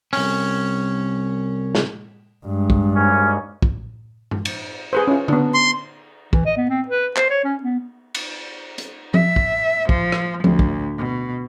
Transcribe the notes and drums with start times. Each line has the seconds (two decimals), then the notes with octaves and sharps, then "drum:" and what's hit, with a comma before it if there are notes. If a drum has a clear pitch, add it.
0.13 C2 C#4, drum: open hi-hat
1.75 drum: snare
2.47 G2 G#3
2.70 drum: kick
2.95 G#1 D#2 C#4
3.62 drum: kick
4.31 drum: tom G2
4.45 drum: cymbal
4.93 G#4 B4 C5
5.07 C#4 F4
5.28 B3 D4, drum: tom D3
5.54 C6
6.33 E3, drum: kick
6.46 D#5
6.57 B3
6.69 C4
6.88 B4
7.17 C5, drum: clap
7.30 C#5
7.44 C#4
7.63 B3
8.15 drum: cymbal
8.78 drum: hi-hat
9.14 E5, drum: tom F3
9.36 drum: kick
9.89 F3, drum: kick
10.12 drum: rim click
10.44 D2, drum: tom F3
10.59 drum: kick
10.99 B2